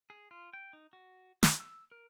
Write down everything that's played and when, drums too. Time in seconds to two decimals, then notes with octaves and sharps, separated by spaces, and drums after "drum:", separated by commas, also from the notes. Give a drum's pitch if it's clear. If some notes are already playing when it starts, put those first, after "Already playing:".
0.10 G#4
0.31 F4
0.53 G5
0.73 D#4
0.93 F#4
1.43 E4, drum: snare
1.60 E6
1.91 A#4